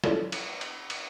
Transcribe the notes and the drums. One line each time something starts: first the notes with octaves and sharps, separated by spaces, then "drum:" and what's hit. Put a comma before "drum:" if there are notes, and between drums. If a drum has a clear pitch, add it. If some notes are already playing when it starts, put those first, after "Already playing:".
E4 F4 A4 C#5 D5, drum: snare
drum: cymbal
drum: cymbal
drum: cymbal